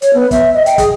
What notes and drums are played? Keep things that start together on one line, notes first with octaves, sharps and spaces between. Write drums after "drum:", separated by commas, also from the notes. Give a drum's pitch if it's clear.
C#5, drum: hi-hat
B3
E5, drum: kick, hi-hat
D#5
G5, drum: hi-hat
G#4, drum: kick, hi-hat